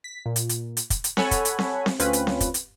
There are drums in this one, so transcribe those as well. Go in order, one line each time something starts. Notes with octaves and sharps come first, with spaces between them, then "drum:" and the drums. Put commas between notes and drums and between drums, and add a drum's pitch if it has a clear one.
B6
A#2
drum: hi-hat
drum: hi-hat
drum: hi-hat
drum: kick, hi-hat
drum: hi-hat
A4 C#5 F#5 G#5 B5, drum: snare C4
drum: kick, hi-hat
drum: hi-hat
drum: snare C4
drum: snare C4
D2 C4 C#4 F4 B4, drum: hi-hat
drum: hi-hat
drum: snare C4
drum: kick, hi-hat
drum: hi-hat